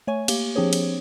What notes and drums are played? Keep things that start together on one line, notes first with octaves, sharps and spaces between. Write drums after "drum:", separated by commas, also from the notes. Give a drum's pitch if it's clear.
A3 C#5 G#5 C#6
A#3 G4 G7, drum: cymbal
F3 C4 D4 G4 G#4 C#5
drum: cymbal